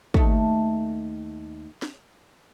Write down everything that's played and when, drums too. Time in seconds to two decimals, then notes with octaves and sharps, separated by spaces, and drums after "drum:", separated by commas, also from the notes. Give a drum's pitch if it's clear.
0.14 D#2 A3, drum: kick
1.82 drum: snare